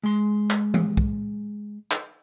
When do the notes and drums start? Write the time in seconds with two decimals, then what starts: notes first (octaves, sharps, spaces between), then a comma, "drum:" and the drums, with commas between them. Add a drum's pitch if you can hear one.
0.03 G#3 C6
0.50 drum: clap
0.74 drum: tom E3
0.97 drum: kick
1.91 drum: clap